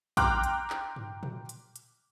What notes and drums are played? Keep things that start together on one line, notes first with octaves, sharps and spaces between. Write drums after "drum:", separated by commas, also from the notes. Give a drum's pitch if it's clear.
G5 A#5 C6 D6 F6 F#6, drum: kick, hi-hat
drum: hi-hat
drum: clap
drum: tom G2
drum: tom A#2
drum: hi-hat
drum: hi-hat